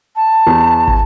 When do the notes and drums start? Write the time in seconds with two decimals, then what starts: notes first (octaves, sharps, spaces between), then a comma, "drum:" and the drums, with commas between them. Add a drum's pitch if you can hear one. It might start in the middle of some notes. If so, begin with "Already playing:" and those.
0.16 A5
0.47 E2
0.88 drum: kick